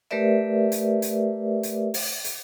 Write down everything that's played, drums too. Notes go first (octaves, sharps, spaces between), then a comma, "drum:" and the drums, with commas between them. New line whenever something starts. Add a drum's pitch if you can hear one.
A3 G4 A#4 B4 D5 E5
drum: hi-hat
drum: hi-hat
drum: hi-hat
drum: open hi-hat
drum: hi-hat